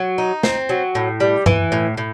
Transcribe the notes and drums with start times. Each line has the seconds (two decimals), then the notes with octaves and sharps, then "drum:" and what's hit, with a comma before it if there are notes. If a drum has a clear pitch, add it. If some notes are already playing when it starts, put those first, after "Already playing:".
Already playing: F#3
0.18 D#4
0.43 C4, drum: snare
0.69 F#3
0.95 A2
1.20 G3
1.46 E3, drum: tom G2
1.72 A2
1.97 A2